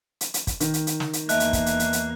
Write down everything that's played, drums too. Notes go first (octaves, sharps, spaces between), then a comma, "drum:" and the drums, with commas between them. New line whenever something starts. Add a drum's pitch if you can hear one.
drum: hi-hat
drum: hi-hat
drum: kick, hi-hat
D#3, drum: hi-hat
drum: hi-hat
drum: hi-hat
drum: snare
drum: hi-hat
E2 A#3 D#5 E5 A5 F#6, drum: hi-hat
drum: hi-hat
drum: kick, hi-hat
drum: hi-hat
drum: hi-hat
drum: hi-hat